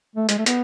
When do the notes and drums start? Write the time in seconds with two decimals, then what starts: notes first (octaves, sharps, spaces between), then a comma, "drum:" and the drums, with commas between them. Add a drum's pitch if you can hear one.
0.16 A3
0.29 G#3, drum: hi-hat
0.38 A3
0.46 B3, drum: hi-hat